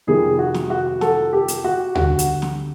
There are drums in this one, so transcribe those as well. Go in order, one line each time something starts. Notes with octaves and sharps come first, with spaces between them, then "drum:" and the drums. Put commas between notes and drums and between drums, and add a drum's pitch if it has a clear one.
F2 C3 D#3 G3 G#4
F#4
drum: snare
F#4
A4, drum: snare
G4
drum: hi-hat
F#4
D3 G3 F#4, drum: tom D2
drum: hi-hat
drum: snare